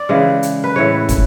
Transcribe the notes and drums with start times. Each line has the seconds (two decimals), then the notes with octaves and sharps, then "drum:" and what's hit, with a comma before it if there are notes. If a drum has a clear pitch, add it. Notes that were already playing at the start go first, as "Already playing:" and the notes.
Already playing: D5
0.09 C#3 E3 G#3
0.43 drum: hi-hat
0.64 B4
0.76 A2 E3 G#3 C#5
1.09 drum: kick, hi-hat